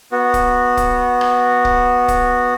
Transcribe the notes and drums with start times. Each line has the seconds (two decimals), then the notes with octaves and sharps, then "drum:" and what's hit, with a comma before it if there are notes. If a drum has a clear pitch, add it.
0.12 B3 F#4
0.34 drum: kick, hi-hat
0.77 drum: kick, hi-hat
1.21 drum: rim click
1.65 drum: kick
2.08 drum: kick, hi-hat